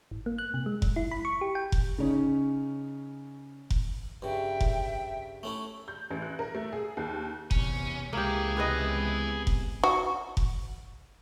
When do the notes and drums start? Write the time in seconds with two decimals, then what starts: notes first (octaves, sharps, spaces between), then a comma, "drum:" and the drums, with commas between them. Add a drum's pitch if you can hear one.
0.11 G#1
0.26 A#3
0.38 F#6
0.54 C3
0.66 G#3
0.82 F#2, drum: kick F1
0.96 E4
1.11 B5
1.25 C#6
1.41 G4
1.55 G5
1.72 drum: kick F1
1.98 C#3 C#4 D#4
3.70 drum: kick F1
4.22 G2 C#3 E5 G5
4.61 drum: kick F1
5.43 A3 C#4 E4
5.88 G6
6.11 A1
6.22 F#6
6.39 A#4
6.55 A3
6.73 G#4
6.97 D#2
7.51 E2 C3 C#4, drum: kick F1
8.13 C#2 E3 G#3 A#3 E4 G4 G#4
8.57 C3 B3 D#5
9.47 drum: kick F1
9.83 F#4
10.37 drum: kick F1